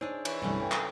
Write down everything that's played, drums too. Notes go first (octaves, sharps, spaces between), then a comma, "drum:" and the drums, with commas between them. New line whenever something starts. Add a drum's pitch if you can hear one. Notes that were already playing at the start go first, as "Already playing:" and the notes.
D4 D#4 G#4 C5 C#5 E6
E3 C#5 B5 C#6, drum: cymbal
G1 C2 F#3 A3 C#4
B4 G5
drum: clap